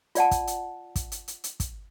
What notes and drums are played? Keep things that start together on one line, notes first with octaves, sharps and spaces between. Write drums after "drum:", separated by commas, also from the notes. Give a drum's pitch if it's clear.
F4 D5 F#5 A5, drum: hi-hat
drum: kick, hi-hat
drum: hi-hat
drum: kick, hi-hat
drum: hi-hat
drum: hi-hat
drum: hi-hat
drum: kick, hi-hat